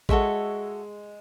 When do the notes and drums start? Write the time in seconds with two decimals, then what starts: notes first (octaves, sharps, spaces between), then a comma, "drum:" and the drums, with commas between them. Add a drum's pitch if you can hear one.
0.09 G#3 F#4 A4 C#5 E5, drum: kick A1